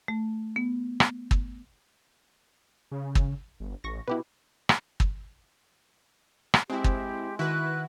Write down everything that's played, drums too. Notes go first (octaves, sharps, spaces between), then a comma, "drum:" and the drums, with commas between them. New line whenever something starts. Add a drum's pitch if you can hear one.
A3
B3
drum: rim click
drum: kick
C#3
drum: kick
G1
A1 C#6 A#6
B2 E4 G4 B4
drum: rim click
drum: kick
drum: rim click
G#3 C4 E4 G4
drum: kick
D#3 E4 F#4 B4 F#6